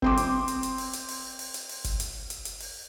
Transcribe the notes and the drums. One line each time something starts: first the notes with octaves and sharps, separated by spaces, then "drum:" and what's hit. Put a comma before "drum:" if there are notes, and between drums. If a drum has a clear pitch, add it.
C4 C6 D6, drum: kick F#1
drum: hi-hat
drum: hi-hat
drum: hi-hat
drum: open hi-hat
drum: hi-hat
drum: open hi-hat
drum: open hi-hat
drum: hi-hat
drum: open hi-hat
drum: kick F#1, hi-hat
drum: hi-hat
drum: hi-hat
drum: hi-hat
drum: open hi-hat